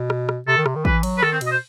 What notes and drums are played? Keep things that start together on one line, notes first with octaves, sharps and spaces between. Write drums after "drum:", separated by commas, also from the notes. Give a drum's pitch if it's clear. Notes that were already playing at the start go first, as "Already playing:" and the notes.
Already playing: B2
drum: rim click
drum: rim click
C3 A4
D#3
C3, drum: rim click
D#3
E3 B4, drum: kick
F#3, drum: cymbal
B4
D#3 A4, drum: rim click
C4
B2, drum: cymbal
D#5
C5